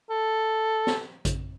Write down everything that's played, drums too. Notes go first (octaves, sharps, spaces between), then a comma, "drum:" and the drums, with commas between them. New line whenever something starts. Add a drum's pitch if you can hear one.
A4
drum: snare
drum: kick A1, hi-hat